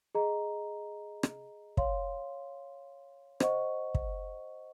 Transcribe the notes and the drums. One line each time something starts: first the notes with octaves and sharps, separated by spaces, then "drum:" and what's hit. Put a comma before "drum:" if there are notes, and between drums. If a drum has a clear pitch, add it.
G#4 D#5 A#5
drum: rim click
C#5 F5 C6, drum: kick
C5 D#5 F#5 C#6, drum: rim click
drum: kick